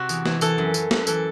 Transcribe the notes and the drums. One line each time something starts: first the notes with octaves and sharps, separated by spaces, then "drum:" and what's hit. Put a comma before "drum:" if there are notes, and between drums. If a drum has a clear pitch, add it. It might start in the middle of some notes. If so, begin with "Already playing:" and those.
Already playing: C3 F#4
E2, drum: tambourine
E3, drum: snare
E3 A4, drum: tambourine
F#2
F#2, drum: tambourine
F#2, drum: snare
E3 A4, drum: tambourine